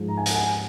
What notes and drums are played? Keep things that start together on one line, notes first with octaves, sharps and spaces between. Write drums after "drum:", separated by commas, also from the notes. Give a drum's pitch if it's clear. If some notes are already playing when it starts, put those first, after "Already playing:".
Already playing: G#2 F3 G#3
A#5
G#5
F#5, drum: hi-hat
G#5